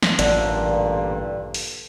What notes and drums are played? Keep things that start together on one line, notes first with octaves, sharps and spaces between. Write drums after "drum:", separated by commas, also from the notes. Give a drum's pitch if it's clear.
drum: snare
A1 G2 A#2 D3, drum: hi-hat
drum: open hi-hat